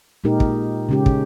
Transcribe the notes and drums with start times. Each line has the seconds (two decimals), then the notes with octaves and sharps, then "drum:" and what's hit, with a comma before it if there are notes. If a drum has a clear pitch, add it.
0.24 A#2 G#3 D#4 G4 A#4
0.40 drum: kick
0.89 C#3 G#3 C#4 G4
1.06 drum: kick